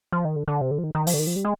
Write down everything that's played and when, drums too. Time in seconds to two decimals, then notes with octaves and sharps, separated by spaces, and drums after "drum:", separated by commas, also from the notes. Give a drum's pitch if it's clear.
0.12 F3
0.25 D#3
0.36 D3
0.48 D3
0.61 C3
0.71 D3
0.78 F3
0.84 D#3
0.95 D#3
1.07 F3, drum: open hi-hat
1.14 D3
1.19 D#3
1.27 F3
1.36 G3
1.45 G#3